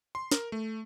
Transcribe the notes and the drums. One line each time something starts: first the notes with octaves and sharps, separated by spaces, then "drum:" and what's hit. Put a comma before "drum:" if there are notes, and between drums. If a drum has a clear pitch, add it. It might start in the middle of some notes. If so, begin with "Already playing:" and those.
C6
A#4, drum: snare
A3